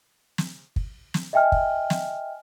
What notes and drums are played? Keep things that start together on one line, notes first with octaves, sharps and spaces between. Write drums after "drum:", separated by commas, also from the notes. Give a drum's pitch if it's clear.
drum: snare
drum: kick
drum: snare
D#5 E5 G5 G#5 F6
drum: kick
drum: snare